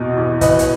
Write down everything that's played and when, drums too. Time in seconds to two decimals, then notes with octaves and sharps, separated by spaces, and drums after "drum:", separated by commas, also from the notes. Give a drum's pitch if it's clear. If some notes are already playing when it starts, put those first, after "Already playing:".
Already playing: E2 B2 D#5
0.17 E2
0.41 A2 B4 D#5, drum: kick, hi-hat
0.59 drum: hi-hat